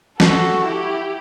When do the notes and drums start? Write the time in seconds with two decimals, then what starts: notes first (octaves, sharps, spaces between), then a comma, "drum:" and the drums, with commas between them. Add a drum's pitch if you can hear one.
0.20 F#4 A4, drum: snare
0.64 E4 G4